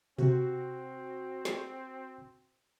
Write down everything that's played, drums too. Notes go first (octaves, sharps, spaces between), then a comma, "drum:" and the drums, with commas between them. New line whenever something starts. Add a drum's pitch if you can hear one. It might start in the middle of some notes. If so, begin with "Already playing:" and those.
C3 C4 F#4, drum: tom B2
drum: snare